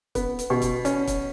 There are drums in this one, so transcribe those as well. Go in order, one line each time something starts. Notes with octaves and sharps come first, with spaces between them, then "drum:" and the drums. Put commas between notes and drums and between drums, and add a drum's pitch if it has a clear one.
B3, drum: kick, hi-hat
drum: hi-hat
B2
drum: kick, hi-hat
C#4, drum: hi-hat
drum: kick, hi-hat